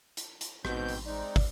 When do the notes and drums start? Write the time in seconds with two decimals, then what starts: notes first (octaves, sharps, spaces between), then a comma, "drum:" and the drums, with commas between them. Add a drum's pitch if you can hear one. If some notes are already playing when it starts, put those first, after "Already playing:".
0.17 drum: hi-hat
0.41 drum: hi-hat
0.65 A1 G#2 B2 C4 G6, drum: rim click
0.88 drum: open hi-hat
1.06 G#3 C4 D#4 D5
1.36 drum: kick, open hi-hat